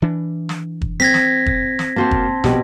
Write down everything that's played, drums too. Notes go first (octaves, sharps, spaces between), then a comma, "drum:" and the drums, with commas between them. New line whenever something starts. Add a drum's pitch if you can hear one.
E3 D4
drum: snare
drum: kick
C4 G#6 A#6 B6
drum: snare
drum: kick
drum: snare
A#3 C4 F#4 C5 A5
drum: kick
A#1 G2 B2 G4, drum: snare